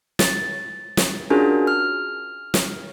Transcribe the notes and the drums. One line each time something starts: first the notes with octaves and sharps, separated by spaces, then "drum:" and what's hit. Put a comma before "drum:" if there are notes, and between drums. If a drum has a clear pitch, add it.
A6, drum: snare
drum: snare
C#4 D4 F4 F#4 G#4 A#4
F6
drum: snare